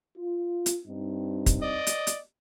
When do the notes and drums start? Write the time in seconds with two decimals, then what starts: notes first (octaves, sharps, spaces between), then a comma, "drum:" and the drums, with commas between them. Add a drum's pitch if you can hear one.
0.17 F4
0.66 drum: hi-hat
0.86 G2 C4 D#4
1.46 drum: kick, hi-hat
1.62 D5 D#5
1.87 drum: hi-hat
2.07 drum: hi-hat